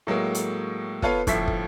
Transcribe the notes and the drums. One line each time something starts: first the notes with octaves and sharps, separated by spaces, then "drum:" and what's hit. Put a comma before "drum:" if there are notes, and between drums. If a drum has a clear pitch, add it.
A2 F#3 G#3 A#3
drum: hi-hat
B3 F4 A4 B4 C#5 F5, drum: kick
G1 A2 F3 E5 B6 C7, drum: kick, hi-hat
drum: kick